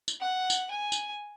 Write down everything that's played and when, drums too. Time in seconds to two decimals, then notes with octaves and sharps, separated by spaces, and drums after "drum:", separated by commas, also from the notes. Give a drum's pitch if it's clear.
0.08 drum: tambourine
0.21 F#5
0.50 drum: tambourine
0.71 G#5
0.92 drum: tambourine